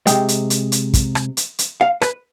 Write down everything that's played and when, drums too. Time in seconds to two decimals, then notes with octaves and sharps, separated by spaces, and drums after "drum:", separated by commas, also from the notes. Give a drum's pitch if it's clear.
0.07 C3 F3 G#3 G5, drum: hi-hat
0.28 drum: hi-hat
0.50 drum: hi-hat
0.72 drum: hi-hat
0.94 drum: kick, hi-hat
1.15 drum: rim click
1.37 drum: hi-hat
1.59 drum: hi-hat
1.81 F5
2.02 B4, drum: rim click